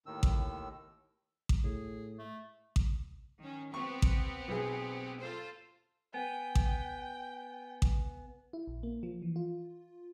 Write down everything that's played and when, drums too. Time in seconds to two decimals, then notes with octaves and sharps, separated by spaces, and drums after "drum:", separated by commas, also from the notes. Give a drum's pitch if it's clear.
0.06 D#2 A2 D#3 E6
0.23 drum: kick A1
1.49 drum: kick A1
1.64 A2 G#4
2.19 A3
2.76 drum: kick A1
3.39 D#3 C#4
3.74 B3 C4 G4 C#6
4.02 drum: kick A1
4.48 B1 G#4
5.20 F4 A4 C5
6.14 B3 G5 G#5
6.55 drum: kick A1
7.82 drum: kick A1
8.53 E4
8.67 A#1
8.83 A#3
9.03 F3
9.22 E3
9.36 F4